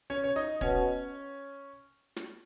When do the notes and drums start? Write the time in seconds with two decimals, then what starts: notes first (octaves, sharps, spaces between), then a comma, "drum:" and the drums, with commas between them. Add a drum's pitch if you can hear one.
0.10 C#4 C#5
0.24 C#5
0.36 D#4 D#5
0.61 B2 C#4 C#5, drum: kick
2.16 drum: snare